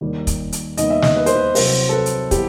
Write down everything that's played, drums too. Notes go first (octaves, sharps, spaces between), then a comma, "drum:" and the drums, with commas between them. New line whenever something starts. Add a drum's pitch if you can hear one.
D#2 D#3 G3
drum: kick, hi-hat
drum: hi-hat
D#2 D#3 G3 B3 D#5, drum: hi-hat
E5
D#5, drum: snare
B4
C5, drum: hi-hat
B4
C2 C3 F#3 C5, drum: open hi-hat
A4
B4
drum: hi-hat
E3 G3 B3 E4 G4, drum: kick, hi-hat